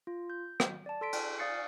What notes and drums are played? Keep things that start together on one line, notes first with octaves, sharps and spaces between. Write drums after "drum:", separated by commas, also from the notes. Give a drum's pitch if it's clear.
F4
G6
drum: rim click
D5 A5
A4 C6 B6 D7
drum: cymbal
D5 F5 D#6 A6 C7 C#7